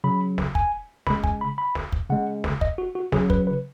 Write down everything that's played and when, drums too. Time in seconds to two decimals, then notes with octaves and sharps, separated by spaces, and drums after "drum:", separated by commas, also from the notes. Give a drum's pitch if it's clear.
0.04 C#3 F#3 B5
0.38 drum: snare
0.55 G#5, drum: kick
1.07 C#3 G#3 B5, drum: snare
1.24 G#5, drum: kick
1.41 B5
1.58 B5
1.75 drum: snare
1.93 drum: kick
2.10 C#3 G#3 F#5
2.44 drum: snare
2.61 D#5, drum: kick
2.78 F#4
2.95 F#4
3.12 C#3 F#3 G#4, drum: snare
3.30 B4, drum: kick
3.47 B4